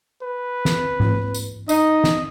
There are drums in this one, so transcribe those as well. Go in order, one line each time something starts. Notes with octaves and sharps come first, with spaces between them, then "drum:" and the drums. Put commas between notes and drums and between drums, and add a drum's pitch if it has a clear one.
B4
drum: snare
drum: tom G#2
drum: tambourine
D#4 D#5, drum: tambourine
drum: snare